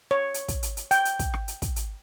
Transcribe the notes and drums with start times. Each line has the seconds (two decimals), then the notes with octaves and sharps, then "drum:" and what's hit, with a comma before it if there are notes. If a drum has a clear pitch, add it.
0.11 C#5
0.34 drum: hi-hat
0.48 drum: kick, hi-hat
0.63 drum: hi-hat
0.77 drum: hi-hat
0.91 G5, drum: hi-hat
1.05 drum: hi-hat
1.19 drum: kick, hi-hat
1.34 drum: rim click
1.48 drum: hi-hat
1.62 drum: kick, hi-hat
1.76 drum: hi-hat